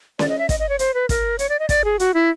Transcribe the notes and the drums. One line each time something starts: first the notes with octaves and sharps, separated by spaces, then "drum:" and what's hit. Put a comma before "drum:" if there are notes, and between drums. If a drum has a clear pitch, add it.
D5, drum: snare C#4
D#5
E5
D#5, drum: kick, hi-hat
D#5
C#5
C5, drum: hi-hat
B4
A#4, drum: kick, hi-hat
C#5, drum: hi-hat
D5
D#5
D5, drum: kick, hi-hat
G#4
F#4, drum: hi-hat
E4